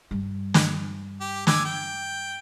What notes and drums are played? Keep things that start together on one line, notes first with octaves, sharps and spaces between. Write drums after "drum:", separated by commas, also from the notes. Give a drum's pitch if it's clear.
G2 G3
drum: snare
G4
G#5 D6 E6, drum: snare
G5